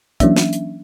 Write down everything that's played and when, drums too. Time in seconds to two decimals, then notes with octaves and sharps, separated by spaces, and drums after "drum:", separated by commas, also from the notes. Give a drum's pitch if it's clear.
0.20 E3 F#3 A#3 C#4 D4 E5, drum: kick, hi-hat
0.37 drum: snare
0.53 drum: hi-hat